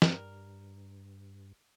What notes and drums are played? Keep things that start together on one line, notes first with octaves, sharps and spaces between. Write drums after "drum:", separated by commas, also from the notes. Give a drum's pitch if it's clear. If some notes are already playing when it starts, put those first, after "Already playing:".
G2 G3 A#4, drum: snare